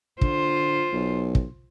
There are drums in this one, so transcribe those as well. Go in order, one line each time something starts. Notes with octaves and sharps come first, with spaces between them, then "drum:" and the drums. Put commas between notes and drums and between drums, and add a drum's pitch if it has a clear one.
D3 F4 C5, drum: kick
B1
drum: kick